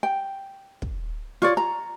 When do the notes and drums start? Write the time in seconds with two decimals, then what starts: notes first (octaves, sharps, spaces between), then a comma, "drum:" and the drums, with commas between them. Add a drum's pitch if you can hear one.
0.03 G5
0.82 drum: kick
1.42 F4 C#5 D5, drum: snare
1.57 A#5